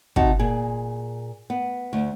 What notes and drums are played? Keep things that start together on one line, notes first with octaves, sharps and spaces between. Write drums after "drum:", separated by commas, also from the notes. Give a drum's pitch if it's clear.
C3 D#4 F#4 A5, drum: kick
A#2 G#4
B3
D2